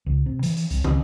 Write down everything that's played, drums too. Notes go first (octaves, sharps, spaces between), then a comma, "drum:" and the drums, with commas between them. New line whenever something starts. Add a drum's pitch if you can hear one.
C#2
C3
E3, drum: hi-hat
drum: hi-hat
C2, drum: hi-hat
C#2, drum: tom